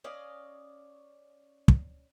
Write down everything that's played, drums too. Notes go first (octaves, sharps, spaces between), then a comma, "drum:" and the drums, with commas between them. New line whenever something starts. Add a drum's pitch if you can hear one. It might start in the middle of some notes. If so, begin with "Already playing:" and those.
C#4 D5 D#5 F5
drum: kick